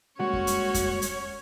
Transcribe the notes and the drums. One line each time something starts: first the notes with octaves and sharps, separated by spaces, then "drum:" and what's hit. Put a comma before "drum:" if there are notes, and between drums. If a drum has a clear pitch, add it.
G3 G#3 A#3 C#4 F#4 C#5
drum: kick F2
drum: hi-hat
drum: kick F2, hi-hat
drum: hi-hat